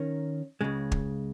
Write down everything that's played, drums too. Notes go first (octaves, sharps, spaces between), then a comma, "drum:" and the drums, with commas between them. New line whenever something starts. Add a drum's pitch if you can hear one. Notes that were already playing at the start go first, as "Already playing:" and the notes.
Already playing: D#3 C#4 A#4
C#2 C#3 G#3
drum: kick